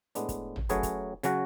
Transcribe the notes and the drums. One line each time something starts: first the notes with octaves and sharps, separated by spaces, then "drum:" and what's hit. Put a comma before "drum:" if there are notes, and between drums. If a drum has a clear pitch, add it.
A2 G#3 B3 D4, drum: hi-hat
drum: kick, hi-hat
drum: tom
F#3 A3 C#4 G#4 B4, drum: hi-hat
drum: kick, hi-hat
C#3 F#3 C#4 F#4, drum: hi-hat